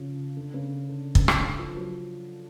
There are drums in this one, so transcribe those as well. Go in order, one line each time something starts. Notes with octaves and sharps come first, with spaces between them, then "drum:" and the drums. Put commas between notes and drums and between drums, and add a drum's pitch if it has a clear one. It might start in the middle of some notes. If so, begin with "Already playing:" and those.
Already playing: C#3 F3
D3
C#3
D3
C#3, drum: kick
drum: rim click
D3
F3
F#3